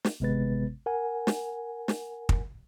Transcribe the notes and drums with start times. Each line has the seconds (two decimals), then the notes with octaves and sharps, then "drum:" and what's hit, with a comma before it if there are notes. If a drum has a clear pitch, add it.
0.05 drum: snare
0.20 G#1 C3 G#3 B3 B4 A6
0.86 A#4 F#5 G#5
1.27 drum: snare
1.88 drum: snare
2.29 drum: kick